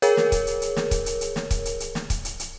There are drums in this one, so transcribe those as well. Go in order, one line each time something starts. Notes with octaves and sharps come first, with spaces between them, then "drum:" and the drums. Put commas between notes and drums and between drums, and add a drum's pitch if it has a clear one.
G#4 A#4 C#5, drum: hi-hat
drum: snare
drum: kick C#1, hi-hat
drum: hi-hat
drum: hi-hat
drum: snare
drum: kick C#1, hi-hat
drum: hi-hat
drum: hi-hat
drum: snare
drum: kick C#1, hi-hat
drum: hi-hat
drum: hi-hat
drum: snare
drum: kick C#1, hi-hat
drum: hi-hat
drum: hi-hat